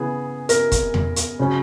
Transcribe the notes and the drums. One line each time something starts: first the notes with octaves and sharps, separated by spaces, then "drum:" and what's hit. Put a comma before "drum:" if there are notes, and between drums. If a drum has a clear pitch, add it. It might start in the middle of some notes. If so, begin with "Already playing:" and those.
Already playing: C#3 E3 B3 G#4
A#4, drum: hi-hat
drum: kick, hi-hat
drum: tom E2
drum: hi-hat
C#3 F#3 C#4